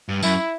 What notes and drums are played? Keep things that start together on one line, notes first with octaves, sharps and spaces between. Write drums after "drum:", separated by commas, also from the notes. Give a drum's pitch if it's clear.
G2
F#2 E4, drum: tambourine